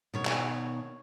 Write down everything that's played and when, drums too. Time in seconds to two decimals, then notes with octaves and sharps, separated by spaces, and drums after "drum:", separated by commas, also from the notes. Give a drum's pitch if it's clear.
0.14 B2 D#3 C#5
0.25 drum: clap